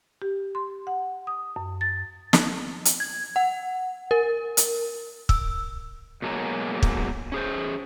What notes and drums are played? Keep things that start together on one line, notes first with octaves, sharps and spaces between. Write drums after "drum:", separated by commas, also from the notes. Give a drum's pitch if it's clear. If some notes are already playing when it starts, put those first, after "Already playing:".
G4
C6
F#5
D#6
F#2
A6
drum: snare
drum: hi-hat
G#6
F#5
A#4
drum: hi-hat
E6, drum: kick
B2 F#3 G#3 A#3 C#5 A#5
drum: kick
C#4 G#4 C5